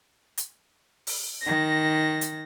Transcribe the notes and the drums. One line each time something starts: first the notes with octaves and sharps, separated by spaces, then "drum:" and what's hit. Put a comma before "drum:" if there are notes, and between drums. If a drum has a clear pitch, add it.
drum: hi-hat
drum: open hi-hat
D#3 A#6
drum: hi-hat